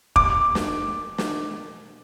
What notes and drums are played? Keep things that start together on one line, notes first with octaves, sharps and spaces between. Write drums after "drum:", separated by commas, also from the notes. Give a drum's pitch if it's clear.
D6, drum: kick
drum: snare
drum: snare